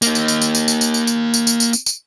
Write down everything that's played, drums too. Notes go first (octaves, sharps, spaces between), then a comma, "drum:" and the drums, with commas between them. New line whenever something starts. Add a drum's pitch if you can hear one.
A#3 D#4, drum: tambourine
drum: tambourine
drum: tambourine
drum: tambourine
drum: tambourine
drum: tambourine
drum: tambourine
drum: tambourine
drum: tambourine
drum: tambourine
drum: tambourine
drum: tambourine
drum: tambourine
drum: tambourine